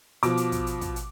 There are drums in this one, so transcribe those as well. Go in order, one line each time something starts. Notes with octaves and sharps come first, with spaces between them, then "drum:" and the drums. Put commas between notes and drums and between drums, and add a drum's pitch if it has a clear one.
B2 F3 D6, drum: hi-hat
drum: hi-hat
drum: kick, hi-hat
drum: hi-hat
drum: kick, hi-hat
drum: hi-hat